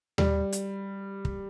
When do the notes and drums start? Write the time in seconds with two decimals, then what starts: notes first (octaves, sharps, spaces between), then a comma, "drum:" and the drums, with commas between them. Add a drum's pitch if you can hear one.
0.18 G3, drum: tom D#2
0.52 drum: hi-hat
1.25 drum: kick